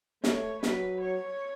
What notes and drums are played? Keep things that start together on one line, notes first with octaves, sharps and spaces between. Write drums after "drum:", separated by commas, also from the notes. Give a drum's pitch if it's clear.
A3 C#5, drum: snare
F#3 B4, drum: snare
C#5